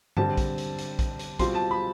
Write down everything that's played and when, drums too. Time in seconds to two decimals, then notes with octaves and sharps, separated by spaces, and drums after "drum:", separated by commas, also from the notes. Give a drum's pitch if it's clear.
0.17 D3 G3 C4 A5, drum: tom G2
0.37 drum: kick A#1, hi-hat
0.58 drum: hi-hat
0.78 drum: hi-hat
0.99 drum: kick A#1, hi-hat
1.19 drum: hi-hat
1.39 B2 G3 C4 F4 C6, drum: kick A#1, hi-hat
1.55 A5
1.71 B5